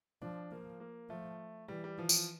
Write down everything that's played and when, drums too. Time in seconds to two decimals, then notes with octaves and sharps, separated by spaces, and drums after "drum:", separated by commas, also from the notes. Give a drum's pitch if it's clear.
0.22 F3 D4
0.51 F3 A#3
0.80 A#3
1.10 F3 A3
1.68 E3 G3
1.84 G3
1.98 E3 F3
2.09 drum: tambourine